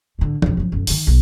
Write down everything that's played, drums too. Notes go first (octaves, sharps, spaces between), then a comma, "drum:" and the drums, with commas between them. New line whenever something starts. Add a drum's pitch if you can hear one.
A2 D3
C2 F2, drum: tom F3
F#2 F3
F#2 D3
D#3 D#4, drum: open hi-hat
B1